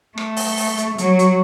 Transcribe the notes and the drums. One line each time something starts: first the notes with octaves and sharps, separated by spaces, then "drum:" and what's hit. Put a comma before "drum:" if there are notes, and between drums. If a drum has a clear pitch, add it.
A3, drum: rim click
drum: open hi-hat
drum: open hi-hat
drum: hi-hat
F#3, drum: hi-hat
drum: hi-hat